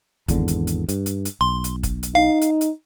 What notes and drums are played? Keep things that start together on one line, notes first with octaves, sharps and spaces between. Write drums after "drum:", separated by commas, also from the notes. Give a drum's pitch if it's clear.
G#1 E2 D3, drum: kick, hi-hat
drum: hi-hat
drum: hi-hat
G2, drum: hi-hat
drum: hi-hat
drum: hi-hat
B1 C6
drum: hi-hat
drum: kick, hi-hat
drum: hi-hat
D#4 F5
drum: hi-hat
drum: hi-hat